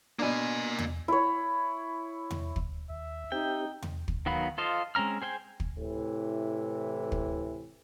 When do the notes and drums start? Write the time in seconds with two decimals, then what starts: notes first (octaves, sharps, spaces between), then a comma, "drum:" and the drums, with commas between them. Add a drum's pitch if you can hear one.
0.19 B2 A#3 D4 G#5
0.79 drum: tom E2
1.08 E4 C#5
2.31 drum: tom E2
2.56 drum: kick
2.90 D#2 E5
3.32 C4 D#4 G4 G5
3.82 drum: tom E2
4.08 drum: kick
4.26 D#3 F#3 B3 F5 B5
4.58 F4 A4 C5 D#5 F5
4.95 G#3 C4 C#4 A#5 F6
5.22 G#4 C5 G5 G#5
5.60 drum: kick
5.78 A2 C3 E3
7.12 drum: kick